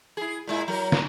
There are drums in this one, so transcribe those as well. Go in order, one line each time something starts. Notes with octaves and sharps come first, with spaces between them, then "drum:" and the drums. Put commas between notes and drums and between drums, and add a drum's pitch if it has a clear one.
E4 G#4
A#2 G#3 E4
F#3 A#4
drum: snare